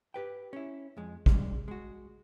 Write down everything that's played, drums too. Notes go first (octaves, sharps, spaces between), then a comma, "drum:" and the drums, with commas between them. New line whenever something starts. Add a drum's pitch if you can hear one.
G4 B4 G5
C#4 E4
F2 G#3
C2 G#2 G3 G#3 G#4, drum: kick
G#3 F#4